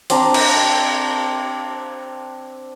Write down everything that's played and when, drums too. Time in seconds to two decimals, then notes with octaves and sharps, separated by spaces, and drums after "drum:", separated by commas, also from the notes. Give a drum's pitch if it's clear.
0.10 C4 D4 D5 A#5, drum: hi-hat
0.34 drum: cymbal